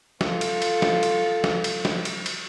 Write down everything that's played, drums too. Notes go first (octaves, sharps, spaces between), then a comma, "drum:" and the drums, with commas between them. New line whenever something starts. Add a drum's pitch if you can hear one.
F4 A4, drum: snare
drum: cymbal
drum: cymbal
drum: snare
drum: cymbal
drum: snare
drum: cymbal
drum: snare
drum: cymbal
drum: cymbal